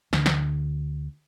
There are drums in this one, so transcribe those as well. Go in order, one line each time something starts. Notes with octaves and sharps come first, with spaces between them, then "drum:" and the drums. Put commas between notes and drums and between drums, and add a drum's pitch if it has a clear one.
D2 D3, drum: snare
drum: snare